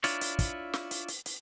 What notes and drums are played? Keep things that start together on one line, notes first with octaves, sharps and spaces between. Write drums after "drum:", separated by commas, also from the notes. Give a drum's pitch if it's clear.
D4 E4 F4 C#5, drum: hi-hat
drum: hi-hat
drum: kick, hi-hat
drum: snare
drum: hi-hat
drum: hi-hat
drum: hi-hat